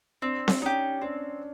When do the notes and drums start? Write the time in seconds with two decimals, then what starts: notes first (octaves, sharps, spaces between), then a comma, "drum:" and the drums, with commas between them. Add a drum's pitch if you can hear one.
0.22 C4 D4
0.48 drum: snare C4
0.62 C#4 D#4 G4
1.01 C4 D4